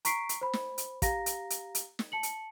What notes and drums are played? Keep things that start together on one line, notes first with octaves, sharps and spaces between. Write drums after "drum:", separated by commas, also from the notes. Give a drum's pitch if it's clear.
A#5 C#6 B6 C7 D7, drum: hi-hat
drum: hi-hat
C5 B5
drum: snare
drum: hi-hat
G4 F5 A#5 A#6, drum: kick, hi-hat
drum: hi-hat
drum: hi-hat
drum: hi-hat
drum: snare
A5 C#7 F#7
drum: hi-hat